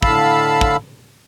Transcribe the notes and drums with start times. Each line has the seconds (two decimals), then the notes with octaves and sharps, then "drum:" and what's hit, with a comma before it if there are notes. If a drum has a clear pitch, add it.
0.03 A2 D3 F5 A5 B5 E6, drum: kick
0.61 drum: kick